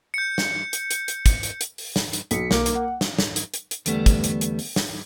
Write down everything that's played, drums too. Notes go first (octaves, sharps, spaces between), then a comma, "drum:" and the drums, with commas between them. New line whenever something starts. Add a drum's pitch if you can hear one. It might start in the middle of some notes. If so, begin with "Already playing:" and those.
G6 C#7
drum: snare
drum: hi-hat
drum: hi-hat
drum: hi-hat
drum: kick, hi-hat
drum: hi-hat
drum: hi-hat
drum: open hi-hat
drum: snare
drum: hi-hat
B1 B6 C#7, drum: hi-hat
B1 A#3 D6, drum: snare
drum: hi-hat
F#5
drum: snare
drum: snare
drum: hi-hat
drum: hi-hat
drum: hi-hat
E2 D3 G3 A3 B3, drum: hi-hat
drum: kick, hi-hat
drum: hi-hat
drum: hi-hat
drum: open hi-hat
drum: snare